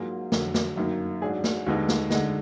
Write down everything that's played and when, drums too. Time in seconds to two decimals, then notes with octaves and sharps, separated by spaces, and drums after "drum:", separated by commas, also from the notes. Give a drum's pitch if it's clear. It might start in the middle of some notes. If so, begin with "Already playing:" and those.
Already playing: G#2 F#3 A#3 F4 G#4
0.32 F2 D3 F#3, drum: snare
0.54 drum: snare
0.77 F#2 D#3 A#3
1.22 G#2 F#3 D4 G#4
1.44 drum: snare
1.66 D#2 D3 G#3 B3 D#4
1.89 drum: snare
2.10 D3 G#3 D#4, drum: snare